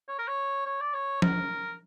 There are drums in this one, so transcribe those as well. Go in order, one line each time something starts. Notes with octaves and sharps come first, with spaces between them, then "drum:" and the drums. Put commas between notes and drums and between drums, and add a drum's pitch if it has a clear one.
C#5
A#4
C#5
C#5
D5
C#5
A#4, drum: tom